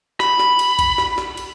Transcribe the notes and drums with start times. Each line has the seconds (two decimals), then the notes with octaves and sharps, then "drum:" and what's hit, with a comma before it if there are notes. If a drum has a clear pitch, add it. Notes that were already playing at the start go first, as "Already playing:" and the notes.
0.20 B5, drum: snare
0.39 drum: snare
0.59 drum: cymbal
0.79 drum: kick A#1, cymbal
0.98 drum: snare
1.18 drum: snare
1.37 drum: cymbal